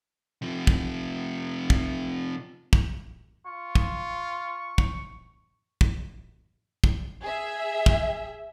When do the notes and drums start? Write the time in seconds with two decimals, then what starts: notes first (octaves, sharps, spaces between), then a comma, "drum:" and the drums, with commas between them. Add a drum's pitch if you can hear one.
0.42 C3 F3
0.67 drum: kick
1.70 drum: kick
2.73 drum: kick
3.46 F4 C#6
3.75 drum: kick
4.78 drum: kick
5.81 drum: kick
6.84 drum: kick
7.23 G#4 E5
7.86 drum: kick